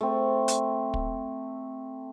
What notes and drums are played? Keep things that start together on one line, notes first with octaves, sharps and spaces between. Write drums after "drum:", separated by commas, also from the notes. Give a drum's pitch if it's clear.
A3 C4
drum: hi-hat
drum: kick